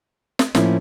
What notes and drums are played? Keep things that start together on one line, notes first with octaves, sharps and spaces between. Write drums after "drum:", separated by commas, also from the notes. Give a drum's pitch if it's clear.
drum: snare
A2 F3 A#3 C#4 E4, drum: snare